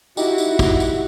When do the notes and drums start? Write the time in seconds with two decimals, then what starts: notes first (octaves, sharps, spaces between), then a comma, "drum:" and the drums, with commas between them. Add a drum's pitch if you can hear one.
0.17 D#4 E4 F#4 G4, drum: tambourine
0.38 drum: tambourine
0.59 drum: kick, tambourine
0.80 drum: tambourine